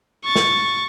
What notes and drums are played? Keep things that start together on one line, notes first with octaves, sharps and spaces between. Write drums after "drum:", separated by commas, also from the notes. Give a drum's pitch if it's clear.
C#6 A6
drum: snare